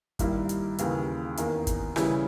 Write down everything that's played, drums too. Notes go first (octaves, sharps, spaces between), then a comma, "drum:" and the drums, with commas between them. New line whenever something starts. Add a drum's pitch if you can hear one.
G2 D#3 G3 A#3 E4, drum: kick, hi-hat
drum: hi-hat
D#2 C#3 E3, drum: hi-hat
E2 D#3 A#3, drum: hi-hat
drum: kick, hi-hat
C#3 E3 G3 C#4 E4, drum: rim click